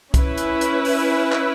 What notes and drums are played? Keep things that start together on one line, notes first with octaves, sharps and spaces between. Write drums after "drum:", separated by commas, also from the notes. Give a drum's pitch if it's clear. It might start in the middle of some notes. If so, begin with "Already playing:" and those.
C#4 E4 B4, drum: kick, hi-hat
drum: hi-hat
drum: hi-hat
drum: open hi-hat
drum: clap